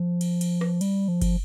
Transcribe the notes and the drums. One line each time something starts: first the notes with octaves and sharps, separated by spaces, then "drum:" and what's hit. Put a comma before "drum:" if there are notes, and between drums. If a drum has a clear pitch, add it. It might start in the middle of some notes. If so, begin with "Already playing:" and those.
Already playing: F3
drum: cymbal
drum: cymbal
drum: rim click
G3, drum: cymbal
F3
drum: kick F#1, cymbal